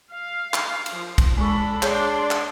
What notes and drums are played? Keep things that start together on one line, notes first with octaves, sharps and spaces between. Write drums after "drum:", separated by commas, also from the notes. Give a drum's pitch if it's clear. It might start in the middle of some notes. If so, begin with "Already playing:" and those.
F5
drum: clap
drum: cymbal
F3
drum: kick, cymbal
G#3 D4 A4 B5 C#6
D4 G#4 C#5 D5 C6 G6, drum: clap
drum: clap